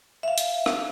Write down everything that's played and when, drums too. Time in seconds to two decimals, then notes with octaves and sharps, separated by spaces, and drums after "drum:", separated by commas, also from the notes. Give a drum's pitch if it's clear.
0.23 E5 F5
0.38 drum: hi-hat
0.66 drum: rim click